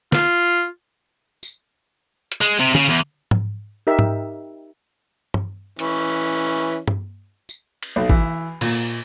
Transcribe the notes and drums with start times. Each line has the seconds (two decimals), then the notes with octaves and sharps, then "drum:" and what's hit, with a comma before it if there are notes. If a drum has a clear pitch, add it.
0.12 F4, drum: snare
1.43 drum: tambourine
2.32 drum: hi-hat
2.41 G#3
2.60 C3
2.75 C#3, drum: tom
2.90 E2
3.31 drum: tom G#2
3.87 D#4 G4 A#4 E5
3.99 drum: tom G#2
5.34 drum: tom G2
5.79 E3 C#4, drum: hi-hat
6.88 drum: tom G2
7.49 drum: tambourine
7.83 drum: cymbal
7.96 B1
8.10 E3, drum: kick
8.61 A#2, drum: cymbal